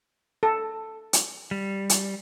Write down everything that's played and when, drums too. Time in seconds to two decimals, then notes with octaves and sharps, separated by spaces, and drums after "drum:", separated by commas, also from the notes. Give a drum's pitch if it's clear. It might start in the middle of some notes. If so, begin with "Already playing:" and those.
0.43 A4
1.13 drum: hi-hat
1.51 G3
1.90 drum: hi-hat